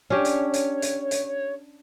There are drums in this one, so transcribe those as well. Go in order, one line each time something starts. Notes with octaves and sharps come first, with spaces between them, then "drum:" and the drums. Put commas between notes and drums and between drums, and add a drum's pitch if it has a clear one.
C#4 D4 G4 C#5
drum: hi-hat
drum: hi-hat
drum: hi-hat
drum: hi-hat